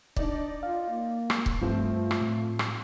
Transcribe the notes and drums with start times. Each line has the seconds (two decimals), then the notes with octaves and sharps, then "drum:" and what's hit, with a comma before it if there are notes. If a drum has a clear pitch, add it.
0.16 D4 D#4 D5, drum: kick
0.63 F4 F5
0.90 A#3
1.30 drum: rim click
1.46 drum: kick
1.61 G2 F3 A3 C4 F4
2.11 drum: rim click
2.21 A2
2.59 drum: rim click